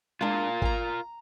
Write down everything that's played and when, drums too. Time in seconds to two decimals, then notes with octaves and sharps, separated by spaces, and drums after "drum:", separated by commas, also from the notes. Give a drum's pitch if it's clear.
0.21 G#3 D4 F4 A#4
0.62 G#5 A#5, drum: kick G#1